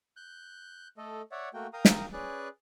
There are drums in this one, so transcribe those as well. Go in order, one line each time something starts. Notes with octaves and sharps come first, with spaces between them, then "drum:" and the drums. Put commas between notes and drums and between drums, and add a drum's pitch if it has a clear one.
F#6 G6
A3 A4 D#5
C#5 D5 E5 F#5
A3 A#3 F#4 G5
A#4 F5 G5 A#5 D#6
drum: snare
C#4 G#4 B4 D5 F#6